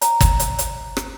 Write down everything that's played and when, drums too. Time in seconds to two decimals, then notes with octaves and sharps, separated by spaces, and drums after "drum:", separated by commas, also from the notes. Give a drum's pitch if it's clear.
0.02 A#5, drum: hi-hat
0.21 drum: kick, hi-hat
0.40 drum: hi-hat
0.59 drum: hi-hat
0.97 drum: rim click